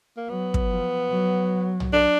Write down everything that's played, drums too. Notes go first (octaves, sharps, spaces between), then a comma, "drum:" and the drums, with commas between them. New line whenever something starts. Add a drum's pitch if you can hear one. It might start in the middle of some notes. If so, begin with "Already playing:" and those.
A#3
F#3 B3
drum: kick
F3
F#3
drum: tom
D4